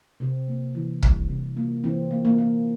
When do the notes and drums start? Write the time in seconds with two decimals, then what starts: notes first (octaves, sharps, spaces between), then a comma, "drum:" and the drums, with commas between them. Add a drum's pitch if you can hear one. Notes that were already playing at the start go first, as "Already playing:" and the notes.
0.20 C3 C4
0.48 A#3
0.75 E3
1.03 G3, drum: kick
1.29 C3
1.57 A#3
1.84 E3 C4
2.11 A#3
2.25 A#3
2.38 A#3